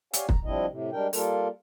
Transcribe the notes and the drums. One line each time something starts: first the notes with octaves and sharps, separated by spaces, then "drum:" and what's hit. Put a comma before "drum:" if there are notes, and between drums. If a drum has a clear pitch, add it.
G4 C#5 D5 F5 F#5 G#5, drum: hi-hat
A#5, drum: kick
F3 G3 C4 D4 E4 D#5
A2 C3
G3 G#3 D4 A#4 G5
G3 A#3 F4 A4 A#4, drum: open hi-hat